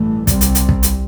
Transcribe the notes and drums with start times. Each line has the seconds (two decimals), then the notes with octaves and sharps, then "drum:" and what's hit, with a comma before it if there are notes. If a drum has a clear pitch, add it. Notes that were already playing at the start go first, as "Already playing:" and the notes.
Already playing: A1 G2 E3 A3
0.27 C2 C3 G3 C4, drum: kick, hi-hat
0.41 drum: hi-hat
0.55 drum: hi-hat
0.69 drum: kick
0.83 drum: hi-hat